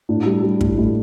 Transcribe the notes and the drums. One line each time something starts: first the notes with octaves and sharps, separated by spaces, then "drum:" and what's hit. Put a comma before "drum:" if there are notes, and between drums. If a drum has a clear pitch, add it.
A2 D4
G3
G3
A2, drum: kick
A2